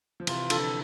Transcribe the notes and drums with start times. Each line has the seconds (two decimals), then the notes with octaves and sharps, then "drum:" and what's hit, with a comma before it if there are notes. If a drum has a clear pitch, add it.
0.20 F3
0.27 C3 E3 F4, drum: cymbal
0.50 D3 F3 A4, drum: cymbal